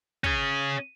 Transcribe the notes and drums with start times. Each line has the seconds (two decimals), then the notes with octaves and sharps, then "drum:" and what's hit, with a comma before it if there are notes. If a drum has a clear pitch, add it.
0.24 C#4 G#4, drum: kick